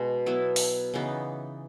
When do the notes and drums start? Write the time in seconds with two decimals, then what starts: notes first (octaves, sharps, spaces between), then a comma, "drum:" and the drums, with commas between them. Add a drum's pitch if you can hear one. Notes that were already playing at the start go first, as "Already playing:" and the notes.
Already playing: B2 G#3 B3
0.26 F#3 B3 E4
0.56 drum: open hi-hat
0.94 C#3 E3 B3 D#4